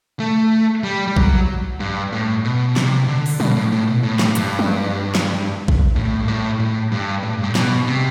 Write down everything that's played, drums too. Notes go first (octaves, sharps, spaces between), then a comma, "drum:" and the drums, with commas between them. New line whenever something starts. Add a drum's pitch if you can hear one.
A3
G3
G3
F#3, drum: kick A#1
G2
A2
B2
B2
C3, drum: snare
D3
drum: open hi-hat
B2, drum: tom
A2
A2
B2
A2
drum: snare
G2, drum: hi-hat
drum: tom
drum: snare
drum: kick A#1
A2
G2
A2
A2
G2
A2
G2
A2
B2, drum: snare
C3